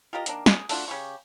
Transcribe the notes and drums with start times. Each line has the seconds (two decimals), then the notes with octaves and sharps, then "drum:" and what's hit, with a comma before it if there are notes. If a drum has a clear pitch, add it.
0.13 F4 G4 A#4 D#5
0.26 D#3 A#3 D4, drum: hi-hat
0.46 G#4, drum: snare
0.69 A3 D4 F4 F#4, drum: open hi-hat
0.88 C#3 G4 C#6